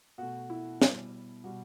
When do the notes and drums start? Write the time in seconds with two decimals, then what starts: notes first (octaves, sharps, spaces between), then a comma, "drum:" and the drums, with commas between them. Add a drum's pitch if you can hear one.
0.18 B2 A3 F#4
0.50 E4
0.82 B2 G3, drum: snare
1.44 B2 G3 F#4